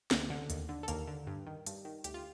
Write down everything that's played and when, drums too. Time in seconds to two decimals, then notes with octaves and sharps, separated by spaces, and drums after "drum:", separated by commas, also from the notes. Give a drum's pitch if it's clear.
0.11 D2, drum: snare
0.30 D3
0.50 D#2, drum: hi-hat
0.69 D3
0.83 A4
0.88 D#2 A#3 A#4, drum: hi-hat
1.07 D3
1.27 G2
1.47 D#3
1.67 G2, drum: hi-hat
1.85 D#3
2.04 D2 G4, drum: hi-hat
2.14 F4